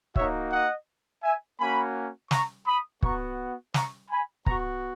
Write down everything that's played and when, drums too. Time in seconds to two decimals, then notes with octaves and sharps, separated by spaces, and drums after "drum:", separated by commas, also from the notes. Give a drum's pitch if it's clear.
0.16 A#3 D#4 F#4 C#5 E5, drum: kick
0.52 D#5 F#5
1.24 E5 G#5
1.59 A#3 C#4 F#4 G#5 B5
2.31 A#5 C#6, drum: snare
2.67 B5 D#6
3.03 B3 F#4 A#5 C#6, drum: kick
3.74 A#5 C#6, drum: snare
4.10 G#5 B5
4.46 B3 F#4 A#5 C#6, drum: kick